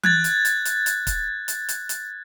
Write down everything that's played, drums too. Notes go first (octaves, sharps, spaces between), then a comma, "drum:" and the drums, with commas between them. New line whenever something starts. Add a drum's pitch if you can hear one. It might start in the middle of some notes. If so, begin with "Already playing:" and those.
F#6 G#6 A6, drum: tom E3
drum: hi-hat
drum: hi-hat
drum: hi-hat
drum: hi-hat
drum: kick, hi-hat
drum: hi-hat
drum: hi-hat
drum: hi-hat